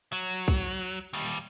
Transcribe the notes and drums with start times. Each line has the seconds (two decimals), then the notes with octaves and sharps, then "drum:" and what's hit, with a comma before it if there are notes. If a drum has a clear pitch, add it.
0.12 F#3
0.48 drum: kick B1
1.13 D#2 G3